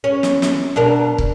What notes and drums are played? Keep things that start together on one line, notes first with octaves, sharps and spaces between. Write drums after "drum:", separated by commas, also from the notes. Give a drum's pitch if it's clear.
C#4
drum: snare
drum: snare
B2 D4 A#4
drum: kick